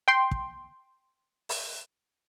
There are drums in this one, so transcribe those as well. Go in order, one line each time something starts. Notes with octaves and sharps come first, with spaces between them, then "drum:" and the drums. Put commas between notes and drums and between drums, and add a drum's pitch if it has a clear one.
G5 C6
drum: kick
drum: open hi-hat